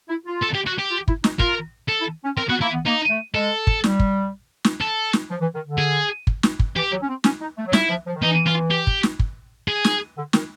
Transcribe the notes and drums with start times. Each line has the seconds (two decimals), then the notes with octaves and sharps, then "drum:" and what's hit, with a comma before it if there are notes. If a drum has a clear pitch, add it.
0.09 E4
0.26 F4
0.42 A4
0.54 G4
0.67 F#4
0.79 G4
0.90 F4
1.08 E4, drum: kick
1.24 D#4, drum: snare
1.39 F4 A#4, drum: kick
1.88 A4
2.00 E4
2.24 C#4
2.36 C4 A#4
2.49 B3 F#4
2.61 A#3 E4
2.73 B3
2.86 A#3 D#4
3.10 A3
3.35 G#3 A4
3.67 drum: kick
3.84 G3, drum: snare
3.99 drum: kick
4.64 drum: snare
4.81 A4
5.13 drum: snare
5.30 F3
5.41 E3
5.54 D#3
5.66 D3
5.78 G#4
6.27 drum: kick
6.43 drum: snare
6.59 drum: kick
6.76 E3 G4
6.91 F#3
7.01 C#4
7.08 C4
7.24 C#4, drum: snare
7.41 D#4
7.58 A3
7.67 F#3
7.73 G3 E4, drum: snare
7.89 F3
8.06 F3
8.16 D#3
8.22 E3 D#4
8.46 F4
8.71 G4
8.87 drum: kick
9.03 drum: snare
9.19 drum: kick
9.68 G#4
9.84 drum: snare
10.17 D3
10.33 D#3, drum: snare